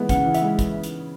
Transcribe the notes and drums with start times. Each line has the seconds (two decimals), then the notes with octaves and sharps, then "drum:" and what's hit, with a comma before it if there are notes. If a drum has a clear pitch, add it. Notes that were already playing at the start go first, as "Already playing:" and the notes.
Already playing: E3 G#3 B3
0.09 C#3 F#5, drum: kick, hi-hat
0.26 E3
0.35 E5, drum: hi-hat
0.42 G#3
0.59 drum: kick, hi-hat
0.84 drum: hi-hat